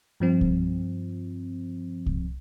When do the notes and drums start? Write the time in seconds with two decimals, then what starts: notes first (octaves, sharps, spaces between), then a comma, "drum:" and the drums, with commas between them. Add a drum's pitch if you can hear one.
0.20 G2 F3 C4
0.41 drum: kick C2
2.06 drum: kick C2